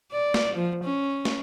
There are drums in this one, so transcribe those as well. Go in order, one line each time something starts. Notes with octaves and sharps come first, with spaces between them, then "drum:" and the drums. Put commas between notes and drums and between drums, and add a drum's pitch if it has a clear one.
D5
drum: snare
F3
C#4
drum: snare